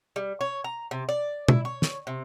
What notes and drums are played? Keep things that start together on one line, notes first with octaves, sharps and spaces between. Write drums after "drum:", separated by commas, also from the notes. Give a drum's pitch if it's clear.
G3
C#5
A#5
C3
D5
E4, drum: tom
C#5
drum: snare
C3